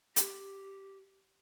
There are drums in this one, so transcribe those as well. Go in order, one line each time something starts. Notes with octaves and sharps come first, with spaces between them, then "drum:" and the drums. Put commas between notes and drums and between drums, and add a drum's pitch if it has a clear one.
G4, drum: hi-hat